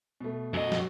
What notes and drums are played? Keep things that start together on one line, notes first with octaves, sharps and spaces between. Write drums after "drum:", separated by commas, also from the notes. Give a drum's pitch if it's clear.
B2 A3
F#2 F#4 D#5
drum: snare